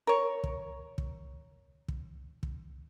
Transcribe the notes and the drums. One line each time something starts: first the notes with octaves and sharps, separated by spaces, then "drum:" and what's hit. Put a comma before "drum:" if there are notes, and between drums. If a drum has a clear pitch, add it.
A#4 C#5
drum: kick
drum: kick
drum: kick
drum: kick